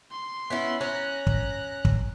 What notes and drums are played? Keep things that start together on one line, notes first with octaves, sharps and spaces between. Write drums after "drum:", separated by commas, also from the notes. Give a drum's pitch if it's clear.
C6
B3 C#4 E4
C#4 A#5 F#6
drum: kick
drum: kick